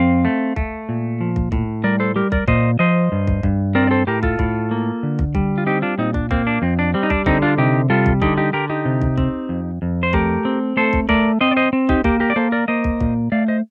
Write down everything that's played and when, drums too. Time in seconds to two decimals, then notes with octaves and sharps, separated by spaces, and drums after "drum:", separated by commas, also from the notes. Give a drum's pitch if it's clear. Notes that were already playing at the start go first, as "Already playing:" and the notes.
Already playing: F2 C4 F5
0.25 A3
0.56 A3, drum: kick
0.89 A#2
1.21 F3
1.36 drum: kick
1.52 A2, drum: kick
1.84 G3 A#4 D5
2.00 A4 C5
2.16 G3 G4 A#4
2.32 A#4 D5, drum: kick
2.48 A#2 C5 D#5, drum: kick
2.79 F3 C5 D#5
3.12 G2
3.27 drum: kick
3.43 G2, drum: kick
3.75 C4 A#4 D5
3.87 D5
3.91 A4 C5
4.07 A2 G4 A#4
4.23 F4 A4, drum: kick
4.39 A2, drum: kick
4.71 A#3
5.03 D3
5.19 drum: kick
5.35 G3, drum: kick
5.58 F4
5.66 C4 D#4 G4
5.82 D4 F4
5.98 A#2 C4 D#4
6.14 D4, drum: kick
6.31 A#3 C4, drum: kick
6.47 D4
6.62 F2 C4
6.79 D4
6.94 G3 C4
7.03 D#4
7.10 D4, drum: kick
7.26 D3 C4 D#4, drum: kick
7.42 D4 F4
7.58 C3 D#4 G4
7.90 G3 F4 A4
8.06 drum: kick
8.22 D3 D#4 G4, drum: kick
8.38 D#4 G4
8.53 D3 G4 A#4
8.70 D#4 G4
8.85 C3
9.02 drum: kick
9.18 C4, drum: kick
9.49 F2
9.82 F2
10.03 C5
10.13 A3 G4 A#4, drum: kick
10.45 C4
10.77 A3 A4 C5
10.93 drum: kick
11.09 A3 A#4 D5, drum: kick
11.41 C4 C5 D#5
11.51 D5
11.57 C5 D#5
11.73 C4
11.89 D#4 G4, drum: kick
12.04 A#3 G4 A#4, drum: kick
12.20 G4 A#4
12.30 D5
12.36 A#3 A4 C5
12.52 A#4 D5
12.68 A#3 C5 D#5
12.84 drum: kick
13.00 A#2, drum: kick
13.32 A3 D5 F5
13.48 C5 D#5